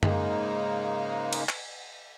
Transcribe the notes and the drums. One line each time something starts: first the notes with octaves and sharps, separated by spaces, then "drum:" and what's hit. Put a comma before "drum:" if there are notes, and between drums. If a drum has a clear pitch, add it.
G#2 C#3 G#3 A#3 D#4, drum: tom F#2
drum: cymbal
drum: clap